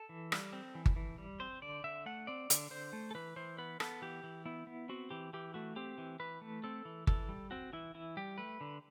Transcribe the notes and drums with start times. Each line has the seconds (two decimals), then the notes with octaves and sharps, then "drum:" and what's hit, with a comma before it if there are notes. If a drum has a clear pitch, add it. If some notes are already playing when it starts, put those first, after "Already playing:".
Already playing: A4
0.09 E3
0.32 G3, drum: rim click
0.53 C4
0.75 E3
0.86 drum: kick G1
0.96 E3
1.18 G3
1.40 C4 C5
1.62 D3 D5
1.84 D3 E5
2.06 A3 F#5
2.27 C4 D5
2.50 D3, drum: hi-hat
2.70 D3 C5
2.93 A3
3.11 A4
3.15 E3 B4
3.36 E3 C5
3.58 B3 B4
3.80 B3 A4, drum: rim click
4.02 E3 G4
4.24 E3
4.46 B3 E4
4.67 B3
4.89 C4 F#4
5.11 E3 G4
5.33 E3 G4
5.54 A3 F#4
5.76 C4 G4
5.98 E3
6.20 E3 B4
6.41 A3
6.64 C4 A4
6.85 E3
7.07 E3 A4, drum: kick G1
7.29 G3
7.51 C4 F#4
7.73 E3 E4
7.95 E3 E4
8.17 G3 G4
8.38 A3 B4
8.61 D3